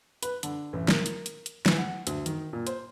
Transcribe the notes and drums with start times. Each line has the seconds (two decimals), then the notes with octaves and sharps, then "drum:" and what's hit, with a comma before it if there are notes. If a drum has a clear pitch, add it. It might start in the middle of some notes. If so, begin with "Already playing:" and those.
0.23 B4, drum: hi-hat
0.43 D3, drum: hi-hat
0.73 A1
0.88 A#4, drum: snare
1.06 drum: hi-hat
1.26 drum: hi-hat
1.46 drum: hi-hat
1.66 E3, drum: snare
1.78 F#5
2.07 D2, drum: hi-hat
2.26 D#3, drum: hi-hat
2.53 A#2
2.67 C5, drum: hi-hat